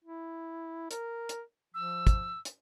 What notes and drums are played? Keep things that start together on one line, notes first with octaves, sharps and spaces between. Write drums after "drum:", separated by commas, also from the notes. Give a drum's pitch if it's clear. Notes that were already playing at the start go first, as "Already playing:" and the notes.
E4
A#4, drum: hi-hat
drum: hi-hat
F3 E6
drum: kick, hi-hat
drum: hi-hat